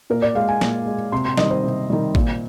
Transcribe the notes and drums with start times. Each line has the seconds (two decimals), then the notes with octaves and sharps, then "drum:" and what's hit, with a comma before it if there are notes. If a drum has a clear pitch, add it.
0.10 A#2 A#4
0.22 D5
0.35 G#3 F5
0.49 G#5
0.61 A#2, drum: snare
0.86 G#3
1.12 C3 C6
1.25 C6
1.37 D#3 G3 D#5, drum: snare
1.51 C5
1.63 C3
1.90 D#3 G3
2.15 A#2, drum: kick